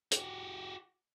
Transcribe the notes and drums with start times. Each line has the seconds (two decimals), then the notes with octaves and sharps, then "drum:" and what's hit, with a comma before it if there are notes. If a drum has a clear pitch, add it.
0.12 F#4 G4, drum: hi-hat